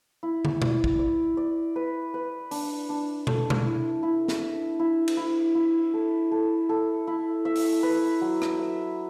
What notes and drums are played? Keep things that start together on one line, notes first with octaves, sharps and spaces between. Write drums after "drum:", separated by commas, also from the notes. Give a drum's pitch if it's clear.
E4
drum: tom
D5, drum: tom B2
drum: kick
D5
D5
B4
B4
D4, drum: open hi-hat
D4
A4, drum: tom B2
drum: tom B2
E4
E4
drum: snare
E5
E4
drum: cymbal
E4
E4
A4
A4
A4
E4
E5
drum: open hi-hat
B4
F#3
drum: rim click
E5